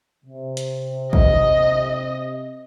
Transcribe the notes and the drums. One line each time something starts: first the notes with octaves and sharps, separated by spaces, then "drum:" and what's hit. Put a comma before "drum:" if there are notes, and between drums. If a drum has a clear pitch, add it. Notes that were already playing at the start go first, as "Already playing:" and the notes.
C3
drum: hi-hat
D#5, drum: kick